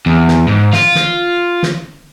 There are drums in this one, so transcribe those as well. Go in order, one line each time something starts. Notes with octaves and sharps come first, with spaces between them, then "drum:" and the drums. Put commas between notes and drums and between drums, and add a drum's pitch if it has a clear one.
E2
drum: snare
G#2
F4, drum: snare
drum: snare
drum: snare